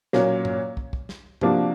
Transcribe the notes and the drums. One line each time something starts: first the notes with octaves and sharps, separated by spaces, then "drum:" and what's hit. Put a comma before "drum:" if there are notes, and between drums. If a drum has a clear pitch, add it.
A#2 F#3 A#3 C#4, drum: snare
drum: tom G2
drum: kick
drum: kick
drum: snare
C3 F3 A#3 D4 F#4, drum: tom G2